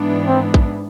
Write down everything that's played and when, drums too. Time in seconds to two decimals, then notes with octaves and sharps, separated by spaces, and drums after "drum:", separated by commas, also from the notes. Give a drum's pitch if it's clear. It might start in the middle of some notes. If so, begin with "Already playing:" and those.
Already playing: G#2 E3 B3 D4
0.27 C4
0.54 drum: kick